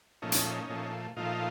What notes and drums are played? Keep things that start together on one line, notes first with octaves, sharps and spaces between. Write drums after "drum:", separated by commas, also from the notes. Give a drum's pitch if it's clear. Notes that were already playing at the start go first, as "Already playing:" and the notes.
A#2 F3 A3 C#4 D#4
drum: hi-hat
A#2 F3 A3
A#2 F3 A3 D#4 F4